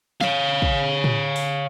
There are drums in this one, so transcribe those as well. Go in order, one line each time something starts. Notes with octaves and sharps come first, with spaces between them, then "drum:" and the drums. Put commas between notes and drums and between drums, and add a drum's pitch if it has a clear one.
C#5 F5, drum: snare
drum: kick
drum: tom A2
drum: open hi-hat